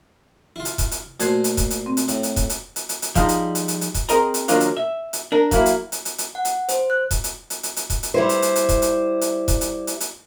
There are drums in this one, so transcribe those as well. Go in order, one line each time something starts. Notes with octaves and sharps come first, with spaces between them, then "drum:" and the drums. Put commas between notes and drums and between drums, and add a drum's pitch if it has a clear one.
E4 F4
drum: hi-hat
drum: kick E1, hi-hat
drum: hi-hat
A#2 A3 F#4 C5 G#6, drum: hi-hat
drum: hi-hat
drum: kick E1, hi-hat
drum: hi-hat
C4
drum: hi-hat
A2, drum: hi-hat
drum: hi-hat
drum: kick E1, hi-hat
drum: hi-hat
drum: hi-hat
drum: hi-hat
drum: hi-hat
F3 G3 G#3 D#4, drum: kick E1, hi-hat
drum: hi-hat
drum: hi-hat
drum: hi-hat
drum: hi-hat
drum: kick E1, hi-hat
C4 G#4 A#4 D#5 A#5, drum: hi-hat
drum: hi-hat
D#3 F#3 A#3 C#4 D4 F4, drum: hi-hat
drum: hi-hat
E5
drum: hi-hat
D4 A#4
F#3 A#3 E4, drum: kick E1, hi-hat
drum: hi-hat
drum: hi-hat
drum: hi-hat
drum: hi-hat
F#5
drum: hi-hat
C5, drum: hi-hat
F#6
drum: kick E1, hi-hat
drum: hi-hat
drum: hi-hat
drum: hi-hat
drum: hi-hat
drum: kick E1, hi-hat
drum: hi-hat
G3 E4 C5
drum: hi-hat
drum: hi-hat
drum: hi-hat
drum: kick E1, hi-hat
drum: hi-hat
drum: hi-hat
drum: kick E1, hi-hat
drum: hi-hat
drum: hi-hat
drum: hi-hat